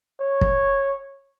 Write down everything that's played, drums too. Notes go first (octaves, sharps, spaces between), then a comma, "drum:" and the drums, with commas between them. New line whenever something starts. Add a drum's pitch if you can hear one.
C#5
drum: kick